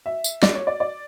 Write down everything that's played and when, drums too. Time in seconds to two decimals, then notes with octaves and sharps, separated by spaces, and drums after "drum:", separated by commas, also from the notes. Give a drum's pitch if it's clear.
0.06 E5
0.24 drum: tambourine
0.43 D5, drum: snare
0.55 C#5
0.67 D5
0.80 D5